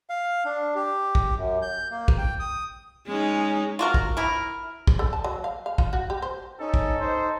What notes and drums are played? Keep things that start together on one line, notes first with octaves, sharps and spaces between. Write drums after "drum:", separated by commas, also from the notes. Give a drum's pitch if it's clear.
F5
D4
G4
drum: kick
F#2
G6
A#3
drum: kick
G5
D#6
G#3 C#4 D#4
F4 F#4 A#4
drum: kick
E4 A#4
drum: kick
A4
A5
F#3
F5
F5
F4, drum: kick
F#4
G4
C5
C#4 D#4 A4
drum: kick
D#4 C5